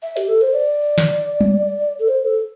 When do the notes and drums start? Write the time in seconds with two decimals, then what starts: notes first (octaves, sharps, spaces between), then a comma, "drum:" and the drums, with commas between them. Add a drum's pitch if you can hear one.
0.02 E5
0.17 G4, drum: hi-hat
0.28 A4
0.42 C5
0.53 D5
0.98 drum: snare
1.41 drum: tom G3
1.99 A4
2.08 C5
2.25 A4